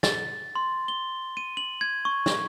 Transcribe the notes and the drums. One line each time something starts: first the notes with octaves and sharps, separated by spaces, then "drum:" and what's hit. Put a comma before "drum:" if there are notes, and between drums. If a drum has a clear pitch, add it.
A6, drum: snare
C6
G7
D#7
F#7
G#6
C#6
drum: snare